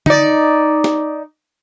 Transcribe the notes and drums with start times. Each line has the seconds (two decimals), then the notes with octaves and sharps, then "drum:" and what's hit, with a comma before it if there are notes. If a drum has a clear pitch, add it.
0.06 D#4 D5, drum: tom D3
0.84 drum: snare